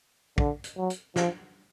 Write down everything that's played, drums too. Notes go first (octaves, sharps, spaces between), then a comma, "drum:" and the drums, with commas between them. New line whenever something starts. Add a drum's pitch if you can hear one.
D3, drum: kick
drum: hi-hat
F#3
drum: hi-hat
F3, drum: snare